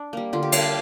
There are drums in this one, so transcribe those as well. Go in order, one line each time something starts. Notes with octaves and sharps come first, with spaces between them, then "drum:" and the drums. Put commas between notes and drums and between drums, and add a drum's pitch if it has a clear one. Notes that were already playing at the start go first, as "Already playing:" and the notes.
Already playing: D4 D5
G3 A#3
D3 F4
G4
G3 D4 A#4, drum: cymbal
D5